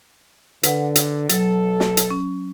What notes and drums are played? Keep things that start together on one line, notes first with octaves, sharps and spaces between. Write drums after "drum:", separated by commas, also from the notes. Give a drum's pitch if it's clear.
D3 B4 F#5, drum: hi-hat
drum: hi-hat
B1 F#3 A4, drum: hi-hat
drum: snare
drum: hi-hat
C#4